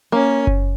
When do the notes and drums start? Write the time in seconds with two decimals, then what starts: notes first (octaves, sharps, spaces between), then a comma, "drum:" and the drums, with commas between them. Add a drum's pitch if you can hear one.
0.12 A#3 C#4
0.47 drum: kick F#1